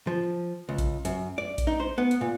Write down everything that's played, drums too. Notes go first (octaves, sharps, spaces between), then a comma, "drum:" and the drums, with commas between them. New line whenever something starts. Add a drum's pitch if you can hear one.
F3
C#2
drum: kick A1, hi-hat
F#2, drum: hi-hat
D5
drum: kick A1, hi-hat
D#4
C5
B3
drum: hi-hat
A#2